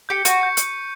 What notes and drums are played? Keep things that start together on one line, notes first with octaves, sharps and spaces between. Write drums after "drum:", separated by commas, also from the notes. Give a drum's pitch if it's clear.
G4 G6 C#7
F#4 C#6, drum: hi-hat
G6 C#7
drum: hi-hat